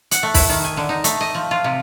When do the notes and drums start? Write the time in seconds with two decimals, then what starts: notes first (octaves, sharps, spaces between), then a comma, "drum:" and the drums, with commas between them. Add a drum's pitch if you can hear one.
0.11 F#5, drum: hi-hat
0.23 A3
0.34 E4, drum: kick, open hi-hat
0.49 D#3
0.64 G#5
0.77 D3
0.89 D#4
1.04 A3, drum: hi-hat
1.20 D#5
1.35 F3
1.51 F4
1.64 C3